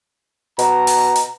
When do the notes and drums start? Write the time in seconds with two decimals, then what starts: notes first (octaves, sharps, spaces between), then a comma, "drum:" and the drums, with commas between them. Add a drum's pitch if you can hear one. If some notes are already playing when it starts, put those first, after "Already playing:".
0.59 B2 A#5, drum: hi-hat
0.87 drum: open hi-hat
1.16 drum: hi-hat